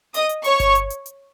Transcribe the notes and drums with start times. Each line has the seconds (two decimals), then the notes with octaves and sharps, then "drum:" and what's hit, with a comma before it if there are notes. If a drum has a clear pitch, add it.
0.14 D#5 D#6, drum: hi-hat
0.29 drum: hi-hat
0.44 C#5 C#6, drum: hi-hat
0.60 drum: kick G1, hi-hat
0.75 drum: hi-hat
0.90 drum: hi-hat
1.06 drum: hi-hat